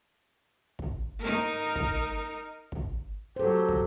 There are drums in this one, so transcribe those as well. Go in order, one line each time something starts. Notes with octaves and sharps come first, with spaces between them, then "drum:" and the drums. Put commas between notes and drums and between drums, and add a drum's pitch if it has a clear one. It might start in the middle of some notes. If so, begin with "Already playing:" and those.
drum: kick
D#4 A#4
drum: kick
drum: kick
F#3 G4 A4 C5
drum: kick